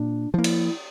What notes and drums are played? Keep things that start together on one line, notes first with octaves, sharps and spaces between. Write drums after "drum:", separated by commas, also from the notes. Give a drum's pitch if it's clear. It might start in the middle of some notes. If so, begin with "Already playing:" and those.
Already playing: A#2 D4
F3 A#3 E4
drum: cymbal